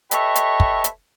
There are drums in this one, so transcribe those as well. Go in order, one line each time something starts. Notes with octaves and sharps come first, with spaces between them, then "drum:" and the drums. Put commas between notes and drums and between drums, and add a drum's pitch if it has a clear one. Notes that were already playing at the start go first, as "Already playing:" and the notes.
G4 A4 B4 C#5 D#5 E5, drum: hi-hat
drum: hi-hat
drum: kick
drum: hi-hat